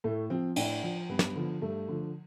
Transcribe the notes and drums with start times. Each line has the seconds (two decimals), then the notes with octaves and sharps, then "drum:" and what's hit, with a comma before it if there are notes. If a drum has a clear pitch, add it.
0.04 A2 A3
0.30 F3 C4
0.56 A2 D4, drum: cymbal
0.83 F3
1.09 G2 B3
1.19 drum: snare
1.35 D3 F3
1.62 G2 A3
1.88 D3 F3